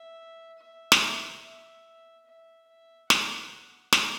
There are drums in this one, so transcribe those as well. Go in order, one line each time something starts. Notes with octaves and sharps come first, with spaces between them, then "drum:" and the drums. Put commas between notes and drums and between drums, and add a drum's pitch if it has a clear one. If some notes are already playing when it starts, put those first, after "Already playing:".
Already playing: E5
E5
drum: snare
E5
E5
E5
F#5, drum: snare
drum: snare